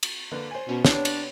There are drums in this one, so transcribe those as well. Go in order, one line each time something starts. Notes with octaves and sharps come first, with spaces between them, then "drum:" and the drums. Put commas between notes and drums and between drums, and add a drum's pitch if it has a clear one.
drum: cymbal
D3 A#3 B4
C5 G#5
B2 C#4
C3 B3 C#4 D4 C#5, drum: snare
drum: cymbal